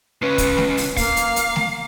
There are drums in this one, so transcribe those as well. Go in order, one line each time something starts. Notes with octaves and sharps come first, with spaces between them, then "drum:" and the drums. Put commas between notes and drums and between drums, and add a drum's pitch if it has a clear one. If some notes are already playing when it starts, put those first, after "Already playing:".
C#2 C#4 B4
drum: kick, hi-hat
drum: snare A3
drum: open hi-hat
A#3 F5, drum: kick, open hi-hat
drum: hi-hat
drum: hi-hat
drum: snare A3